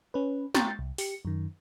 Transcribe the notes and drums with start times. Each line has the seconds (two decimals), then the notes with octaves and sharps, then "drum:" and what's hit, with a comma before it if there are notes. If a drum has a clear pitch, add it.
0.14 C#4 B4
0.55 G5 A#5 C6 C#6 G6 A6, drum: snare
0.79 C2
0.98 G4 C#7, drum: open hi-hat
1.25 F#2 D#3